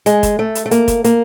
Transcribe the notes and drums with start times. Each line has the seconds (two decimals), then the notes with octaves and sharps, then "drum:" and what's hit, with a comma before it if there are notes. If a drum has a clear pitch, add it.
0.06 G#3, drum: hi-hat
0.23 drum: kick, hi-hat
0.39 A3
0.55 drum: hi-hat
0.66 A3
0.71 A#3, drum: hi-hat
0.88 drum: kick, hi-hat
1.04 A#3, drum: hi-hat